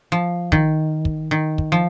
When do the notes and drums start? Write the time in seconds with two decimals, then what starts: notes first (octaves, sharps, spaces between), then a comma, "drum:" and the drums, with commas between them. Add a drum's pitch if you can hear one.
0.12 F3
0.52 D#3, drum: kick
1.05 drum: kick
1.31 D#3
1.58 drum: kick
1.72 F3